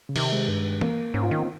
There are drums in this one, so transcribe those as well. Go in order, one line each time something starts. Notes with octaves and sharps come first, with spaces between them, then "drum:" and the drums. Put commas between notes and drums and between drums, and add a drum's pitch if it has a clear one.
C#3
C3 D#3, drum: cymbal
G#3
G2
A#3, drum: tom
G#2 C#4
F4
D#3 D#4
C4